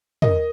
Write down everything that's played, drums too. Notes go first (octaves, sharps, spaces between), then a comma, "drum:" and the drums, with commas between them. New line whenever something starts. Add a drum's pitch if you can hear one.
A#4 D#5, drum: tom